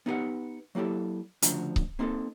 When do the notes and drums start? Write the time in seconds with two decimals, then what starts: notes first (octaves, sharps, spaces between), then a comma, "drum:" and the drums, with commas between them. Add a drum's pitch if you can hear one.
0.06 B3 D#4 E4 G4 B4 F#5
0.75 F#3 A#3 E4 G4 A4
1.42 D2 C#3 F3 D4 F#4 A#5, drum: hi-hat
1.76 drum: kick C#1
1.99 A#3 C4 D#4 G4 A4